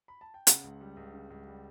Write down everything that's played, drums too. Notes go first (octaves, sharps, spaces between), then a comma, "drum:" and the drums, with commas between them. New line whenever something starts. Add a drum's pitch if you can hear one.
B5
A5
G5
C#3 F#5, drum: hi-hat
C#2
G3
C#2
C#3
C#2
G3